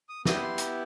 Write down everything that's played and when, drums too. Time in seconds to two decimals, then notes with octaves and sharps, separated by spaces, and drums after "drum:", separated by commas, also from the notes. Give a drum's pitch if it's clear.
0.09 D#6
0.25 B3 E4 G4 D#6, drum: snare
0.42 C6
0.58 drum: hi-hat